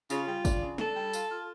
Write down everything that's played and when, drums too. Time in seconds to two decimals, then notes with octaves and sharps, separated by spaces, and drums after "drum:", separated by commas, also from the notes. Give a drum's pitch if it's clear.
0.10 C#3 F4, drum: tambourine
0.28 G3
0.45 D4, drum: kick G1, tambourine
0.62 C#3
0.78 D4 A4, drum: snare
0.96 G3
1.13 F4, drum: tambourine
1.30 F4